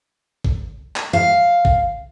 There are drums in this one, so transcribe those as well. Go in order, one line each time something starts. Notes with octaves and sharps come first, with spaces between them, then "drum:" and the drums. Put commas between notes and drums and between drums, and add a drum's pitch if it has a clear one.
drum: kick
drum: clap
F5
drum: kick